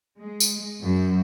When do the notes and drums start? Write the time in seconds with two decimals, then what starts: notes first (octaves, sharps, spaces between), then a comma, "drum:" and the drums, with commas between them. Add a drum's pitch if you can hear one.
0.20 G#3
0.40 drum: tambourine
0.83 F#2